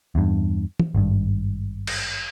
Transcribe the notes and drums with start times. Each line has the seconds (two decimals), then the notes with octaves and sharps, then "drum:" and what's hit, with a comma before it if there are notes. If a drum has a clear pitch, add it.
0.15 E2 G2
0.80 drum: tom
0.95 G#1 G2
1.87 drum: cymbal